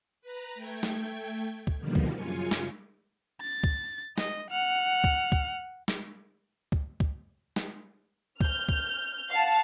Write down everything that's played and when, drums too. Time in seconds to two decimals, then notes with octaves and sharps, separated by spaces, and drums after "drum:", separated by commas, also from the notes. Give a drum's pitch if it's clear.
0.22 B4 A#5
0.54 A3 G5 G#6
0.83 drum: snare
1.67 drum: kick C#2
1.78 B2 D3 D#3 F3 G3 A#3
1.95 drum: kick C#2
2.14 F#2 C#3 F4 G#5 C#7
2.51 drum: snare
3.41 A6
3.64 drum: kick C#2
4.18 D#5, drum: snare
4.50 F#5 F6
5.04 drum: kick C#2
5.32 drum: kick C#2
5.88 drum: snare
6.72 drum: kick C#2
7.00 drum: kick C#2
7.56 drum: snare
8.41 F6 G6, drum: kick C#2
8.69 drum: kick C#2
9.31 F5 F#5 A5